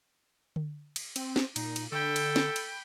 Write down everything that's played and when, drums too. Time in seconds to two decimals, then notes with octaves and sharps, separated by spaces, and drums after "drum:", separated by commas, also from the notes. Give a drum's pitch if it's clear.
0.56 drum: tom D3
0.96 drum: cymbal
1.16 C4, drum: cymbal
1.36 drum: snare
1.56 A#2 D#4, drum: cymbal
1.76 drum: cymbal
1.92 D3 A4 G5 B5
2.16 drum: cymbal
2.36 drum: snare
2.56 drum: cymbal